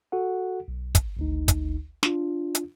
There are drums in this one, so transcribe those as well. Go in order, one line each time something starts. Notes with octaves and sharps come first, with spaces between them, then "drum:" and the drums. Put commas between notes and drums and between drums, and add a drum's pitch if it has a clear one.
F#4 A4 F#5
B1
drum: kick, hi-hat
G#1 D2 D#4
drum: kick, hi-hat
D4 F4, drum: snare
drum: hi-hat